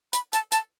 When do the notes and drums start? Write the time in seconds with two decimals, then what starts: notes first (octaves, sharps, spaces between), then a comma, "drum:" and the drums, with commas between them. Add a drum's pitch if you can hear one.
0.13 B5, drum: hi-hat
0.33 A5, drum: hi-hat
0.52 A5, drum: hi-hat